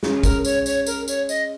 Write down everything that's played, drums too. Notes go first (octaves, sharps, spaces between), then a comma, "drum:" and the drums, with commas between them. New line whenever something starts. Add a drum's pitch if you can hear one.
G#3 C#4, drum: snare
A#4, drum: kick, tambourine
C#5, drum: tambourine
C#5, drum: tambourine
A#4, drum: tambourine
C#5, drum: tambourine
D#5, drum: tambourine